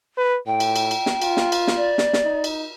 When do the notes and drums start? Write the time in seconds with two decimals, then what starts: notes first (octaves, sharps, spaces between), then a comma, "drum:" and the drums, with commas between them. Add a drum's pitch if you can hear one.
0.17 B4
0.47 A2 G5
0.60 drum: cymbal
0.76 drum: cymbal
0.91 drum: cymbal
1.06 drum: snare
1.22 F4, drum: cymbal
1.37 drum: snare
1.52 drum: cymbal
1.67 drum: snare
1.77 D5
1.98 drum: snare
2.13 drum: snare
2.24 D#4
2.44 drum: cymbal